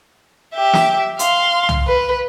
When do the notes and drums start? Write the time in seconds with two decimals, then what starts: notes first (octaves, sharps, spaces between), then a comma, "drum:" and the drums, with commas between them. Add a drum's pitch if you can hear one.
0.55 G4 E5
0.73 drum: snare
1.19 F5 C6, drum: hi-hat
1.69 drum: tom
1.87 B4